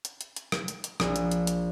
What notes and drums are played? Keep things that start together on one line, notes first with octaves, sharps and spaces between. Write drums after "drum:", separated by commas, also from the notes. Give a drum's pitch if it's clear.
drum: hi-hat
drum: hi-hat
drum: hi-hat
drum: rim click
drum: hi-hat
drum: hi-hat
A#1, drum: rim click
drum: hi-hat
drum: hi-hat
drum: hi-hat